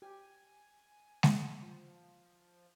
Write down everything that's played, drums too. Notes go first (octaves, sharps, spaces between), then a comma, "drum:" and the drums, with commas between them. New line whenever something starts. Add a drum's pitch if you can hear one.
G4 G#5
drum: snare
F3